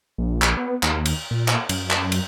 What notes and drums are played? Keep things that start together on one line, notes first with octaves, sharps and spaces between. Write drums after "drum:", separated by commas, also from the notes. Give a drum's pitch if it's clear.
A#1
drum: clap
B3
D#2, drum: clap
drum: cymbal
A#2
drum: clap
F#2, drum: cymbal
drum: clap
drum: cymbal